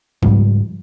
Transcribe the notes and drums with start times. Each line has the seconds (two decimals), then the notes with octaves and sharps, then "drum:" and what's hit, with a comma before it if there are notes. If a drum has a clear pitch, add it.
0.23 G#2 C#3 F3 G3, drum: kick